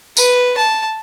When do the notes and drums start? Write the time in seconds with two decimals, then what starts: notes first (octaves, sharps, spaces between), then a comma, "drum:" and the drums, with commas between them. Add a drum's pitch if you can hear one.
0.17 B4, drum: tambourine
0.57 A5